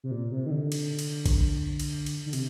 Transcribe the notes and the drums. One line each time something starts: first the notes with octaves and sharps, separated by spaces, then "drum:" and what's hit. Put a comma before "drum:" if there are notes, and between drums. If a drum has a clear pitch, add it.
C3
A#2
C3
D#3
D3
drum: cymbal
drum: cymbal
drum: kick A#1, cymbal
drum: cymbal
drum: cymbal
D3
C3, drum: cymbal